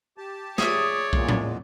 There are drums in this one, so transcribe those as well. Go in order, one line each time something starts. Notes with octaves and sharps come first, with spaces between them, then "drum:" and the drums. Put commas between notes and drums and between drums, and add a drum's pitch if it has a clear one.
G4 A5
G#4 C#5 D5 E5 D#6, drum: snare
E2 A#2 G#3, drum: kick B1
drum: tom A2